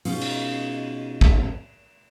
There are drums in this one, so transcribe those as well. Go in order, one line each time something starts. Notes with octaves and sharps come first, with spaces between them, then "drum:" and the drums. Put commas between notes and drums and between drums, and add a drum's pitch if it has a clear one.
B2 G#3 C#4 D#4 F4, drum: open hi-hat
drum: cymbal
drum: kick